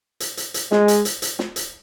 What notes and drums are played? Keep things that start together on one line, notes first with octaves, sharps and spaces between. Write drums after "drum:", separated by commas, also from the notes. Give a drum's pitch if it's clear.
drum: hi-hat
drum: hi-hat
drum: hi-hat
G#3, drum: snare
drum: hi-hat
drum: hi-hat
drum: hi-hat
drum: snare
drum: hi-hat